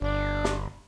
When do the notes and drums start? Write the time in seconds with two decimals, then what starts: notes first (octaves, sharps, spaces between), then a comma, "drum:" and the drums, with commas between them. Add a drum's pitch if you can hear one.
0.01 G1 D4
0.44 drum: snare